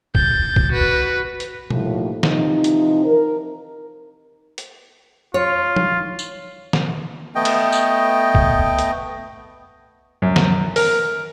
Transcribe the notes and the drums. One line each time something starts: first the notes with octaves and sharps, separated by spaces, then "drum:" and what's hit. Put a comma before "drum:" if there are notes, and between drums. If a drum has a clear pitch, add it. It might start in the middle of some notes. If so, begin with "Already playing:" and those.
G6 A6, drum: kick
drum: kick
F#4 B4
drum: hi-hat
D#2 A2 F3, drum: tom B2
C3 E3 F3 D#4, drum: snare
drum: hi-hat
A#4
drum: hi-hat
F4 C#5
drum: tom
drum: tambourine
drum: snare
A3 B3 D#5 G5
drum: cymbal
drum: tambourine
drum: kick
drum: hi-hat
F#2
drum: snare
A#4, drum: open hi-hat